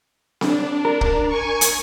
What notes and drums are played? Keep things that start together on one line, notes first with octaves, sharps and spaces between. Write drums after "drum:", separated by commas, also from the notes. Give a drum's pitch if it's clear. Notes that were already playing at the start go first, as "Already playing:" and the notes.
D4, drum: snare C4
A#4
drum: kick
G#5 C#6
drum: hi-hat